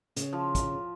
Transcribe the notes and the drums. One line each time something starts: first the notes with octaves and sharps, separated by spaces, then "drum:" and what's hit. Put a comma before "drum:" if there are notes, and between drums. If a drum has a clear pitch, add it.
C#3, drum: hi-hat
F3
drum: kick, hi-hat